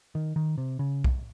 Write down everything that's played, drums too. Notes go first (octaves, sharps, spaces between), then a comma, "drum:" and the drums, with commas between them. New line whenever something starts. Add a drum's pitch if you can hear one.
D#3
D#3
C3
C#3
drum: kick B1